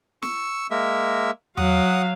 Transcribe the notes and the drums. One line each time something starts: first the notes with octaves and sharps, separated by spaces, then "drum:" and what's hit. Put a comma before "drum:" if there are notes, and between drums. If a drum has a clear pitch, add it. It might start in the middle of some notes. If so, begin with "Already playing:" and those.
C#6 E6, drum: snare
G#3 A#3 E5
F#3 F5 F#5 D#6, drum: tom E2